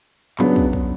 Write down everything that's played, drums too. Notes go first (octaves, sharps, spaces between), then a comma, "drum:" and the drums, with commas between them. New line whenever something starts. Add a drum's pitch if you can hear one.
C#3 F#3 B3 D4, drum: clap
drum: kick, tambourine
drum: kick